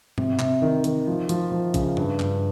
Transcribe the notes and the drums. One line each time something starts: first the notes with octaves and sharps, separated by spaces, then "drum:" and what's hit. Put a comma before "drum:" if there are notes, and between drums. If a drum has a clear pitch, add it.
C3, drum: tom G#2
C3, drum: clap
D#3
D#3, drum: hi-hat
F3
F3, drum: hi-hat
F3
C#3, drum: kick A#1, hi-hat
G2, drum: tom G2
G2, drum: clap